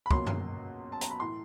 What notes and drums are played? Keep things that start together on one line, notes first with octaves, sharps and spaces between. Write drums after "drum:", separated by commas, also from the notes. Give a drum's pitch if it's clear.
B5
C#2 B2 F#3 A#3 C#4 C6, drum: kick
drum: tom
A5
A#5, drum: hi-hat
B5
A2 E3 C6